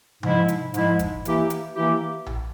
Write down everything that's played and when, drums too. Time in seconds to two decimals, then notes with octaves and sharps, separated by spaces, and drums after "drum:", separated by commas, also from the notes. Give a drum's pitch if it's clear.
0.23 G#2 F3 G#3 E4, drum: tom C3
0.48 drum: hi-hat
0.74 G#2 F3 G#3 E4, drum: hi-hat
0.99 drum: kick G1, hi-hat
1.25 E3 A#3 E4 G4, drum: hi-hat
1.50 drum: hi-hat
1.76 E3 A#3 E4 G4
2.26 drum: tom A#1